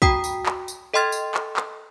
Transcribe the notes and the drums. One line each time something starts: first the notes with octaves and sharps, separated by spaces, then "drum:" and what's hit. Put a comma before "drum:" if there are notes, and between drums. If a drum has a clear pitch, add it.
F#4 G5 A#5 D#6 B6, drum: kick
drum: tambourine
drum: clap
drum: tambourine
A4 D#5 G5 C6 F6 A6
drum: tambourine
drum: clap
drum: clap